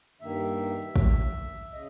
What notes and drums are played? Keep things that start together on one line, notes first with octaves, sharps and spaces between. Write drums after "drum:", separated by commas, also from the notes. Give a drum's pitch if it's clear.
G2 D#3 A#3 E5
drum: kick
C#3 D#5